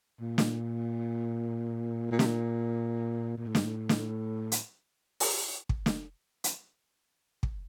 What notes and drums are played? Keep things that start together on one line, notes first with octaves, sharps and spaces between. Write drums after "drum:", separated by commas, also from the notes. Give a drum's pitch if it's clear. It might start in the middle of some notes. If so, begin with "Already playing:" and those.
A#2
drum: snare
A#2
C3, drum: snare
A#2
A#2
A2
G2, drum: snare
A2
drum: snare
drum: hi-hat
drum: open hi-hat
drum: kick
drum: snare
drum: hi-hat
drum: kick